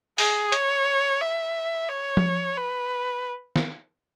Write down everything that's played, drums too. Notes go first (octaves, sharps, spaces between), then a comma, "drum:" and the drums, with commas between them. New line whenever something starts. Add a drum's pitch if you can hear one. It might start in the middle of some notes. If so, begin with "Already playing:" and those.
G#4, drum: open hi-hat
C#5, drum: hi-hat
E5
C#5
drum: tom F3
B4
drum: snare